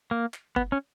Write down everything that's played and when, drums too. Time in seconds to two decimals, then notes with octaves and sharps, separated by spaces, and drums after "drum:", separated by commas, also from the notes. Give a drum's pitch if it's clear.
0.11 A#3
0.34 drum: clap
0.56 B3, drum: kick F#1
0.72 C#4